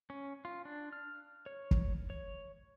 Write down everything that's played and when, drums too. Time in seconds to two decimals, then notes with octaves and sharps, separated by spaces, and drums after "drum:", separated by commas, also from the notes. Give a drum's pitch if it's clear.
0.10 C#4
0.45 F4
0.65 D4
0.93 F6
1.46 C#5
1.71 drum: kick
2.10 C#5